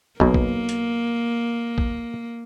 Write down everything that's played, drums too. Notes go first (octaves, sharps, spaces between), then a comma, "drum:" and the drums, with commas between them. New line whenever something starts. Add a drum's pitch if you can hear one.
B1 B2 A#3, drum: kick
drum: kick
drum: hi-hat
drum: kick